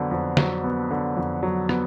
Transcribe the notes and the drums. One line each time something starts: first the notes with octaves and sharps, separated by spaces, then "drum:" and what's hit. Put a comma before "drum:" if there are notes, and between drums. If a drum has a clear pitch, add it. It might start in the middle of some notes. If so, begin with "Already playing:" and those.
Already playing: F2 D3 F#3 B3
F2
F#3, drum: snare
B3
D3
F2
F#3
B3, drum: rim click